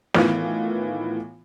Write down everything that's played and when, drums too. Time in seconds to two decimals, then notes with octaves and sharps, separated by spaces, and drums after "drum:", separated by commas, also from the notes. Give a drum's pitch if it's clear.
0.14 A2 D#3 E3 B3 F4, drum: snare